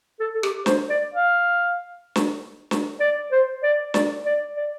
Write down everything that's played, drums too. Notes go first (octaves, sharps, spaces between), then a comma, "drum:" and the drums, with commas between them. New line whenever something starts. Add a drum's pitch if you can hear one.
A4
A4
G4, drum: rim click
C5, drum: snare
D5
F5
drum: snare
drum: snare
D5
C5
D5
D5, drum: snare
D5
D5